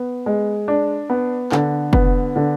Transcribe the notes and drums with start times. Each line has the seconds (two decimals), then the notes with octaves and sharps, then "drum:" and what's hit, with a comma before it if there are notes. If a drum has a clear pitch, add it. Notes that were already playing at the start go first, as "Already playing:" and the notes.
Already playing: B3
0.26 G#3
0.68 D4
1.10 B3
1.52 D3, drum: clap
1.93 B3, drum: kick F1
2.36 D3